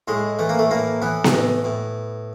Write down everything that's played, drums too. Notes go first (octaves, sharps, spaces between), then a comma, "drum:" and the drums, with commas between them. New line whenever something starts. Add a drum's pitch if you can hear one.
A2 G#3
E3 A3
A#3
A3
A2 A#3
E3 B3
drum: snare B3
A2
A2